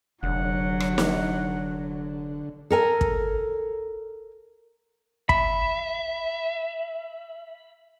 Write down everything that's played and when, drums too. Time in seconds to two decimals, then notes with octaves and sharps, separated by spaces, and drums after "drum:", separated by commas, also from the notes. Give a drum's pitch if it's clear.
0.23 F1 D3 F#3 F#5
0.80 drum: rim click
0.98 drum: snare
2.70 A4 A#4 G#5
3.01 drum: kick
5.29 E5 B5, drum: kick